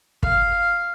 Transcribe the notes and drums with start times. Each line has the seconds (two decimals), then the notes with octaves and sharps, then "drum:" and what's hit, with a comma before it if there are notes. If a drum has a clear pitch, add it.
0.23 F5, drum: kick